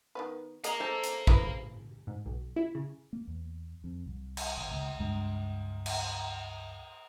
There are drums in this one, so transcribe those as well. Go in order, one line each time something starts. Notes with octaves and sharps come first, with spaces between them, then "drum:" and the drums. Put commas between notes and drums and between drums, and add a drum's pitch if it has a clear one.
D#3 B3 B4
A#3 G#4 D#5 F5 A#5, drum: hi-hat
A4 C5
drum: hi-hat
E4 G#4 B4, drum: kick A1
G#2
B1
E4
C#3
A#3
E2
F2
C2
drum: cymbal
G#1
C#2
C#2 G2 G#3
drum: cymbal